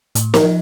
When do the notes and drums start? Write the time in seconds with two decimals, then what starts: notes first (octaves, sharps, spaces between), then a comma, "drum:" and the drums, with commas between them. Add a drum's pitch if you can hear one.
0.15 A2, drum: hi-hat
0.34 A#4, drum: snare
0.43 F3